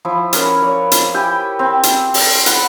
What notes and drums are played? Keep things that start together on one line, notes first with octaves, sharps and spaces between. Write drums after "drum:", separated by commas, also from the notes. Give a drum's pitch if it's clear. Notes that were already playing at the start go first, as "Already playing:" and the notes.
F3 E4
C#4 A#4 B4, drum: hi-hat
C#5 D5
drum: hi-hat
E4 G4 G5 G#5
C4
drum: hi-hat
drum: open hi-hat
F#5 B5, drum: hi-hat